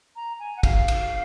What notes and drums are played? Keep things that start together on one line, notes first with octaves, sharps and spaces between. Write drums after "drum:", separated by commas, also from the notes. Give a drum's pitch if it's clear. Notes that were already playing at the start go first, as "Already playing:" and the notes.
A#5
G#5
F#5
F5, drum: kick, cymbal
drum: cymbal